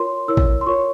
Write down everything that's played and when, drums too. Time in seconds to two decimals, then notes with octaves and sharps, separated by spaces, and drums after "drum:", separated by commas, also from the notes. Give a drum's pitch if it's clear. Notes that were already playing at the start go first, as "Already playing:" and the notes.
Already playing: F4 A#4 C#5 C6
0.28 E4 A#4 C#5 E6
0.37 drum: kick A1
0.61 C6
0.66 F4 A#4 C#5 C#6